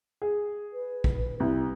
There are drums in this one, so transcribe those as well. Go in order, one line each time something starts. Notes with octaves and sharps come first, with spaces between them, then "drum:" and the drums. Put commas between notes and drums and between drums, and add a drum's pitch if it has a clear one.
G#4
B4
drum: kick
C2 E4